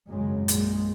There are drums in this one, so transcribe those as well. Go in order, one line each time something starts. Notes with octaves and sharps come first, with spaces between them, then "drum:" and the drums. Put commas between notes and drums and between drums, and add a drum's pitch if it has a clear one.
G#1 F#2 C#3 G#3
A#1 A#2 G#3, drum: hi-hat